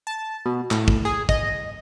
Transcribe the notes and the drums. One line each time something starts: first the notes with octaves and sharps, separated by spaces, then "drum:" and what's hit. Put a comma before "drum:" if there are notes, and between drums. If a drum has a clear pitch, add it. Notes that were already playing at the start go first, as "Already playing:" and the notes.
A5
B2
A2, drum: clap
drum: kick
G#4
D#5, drum: kick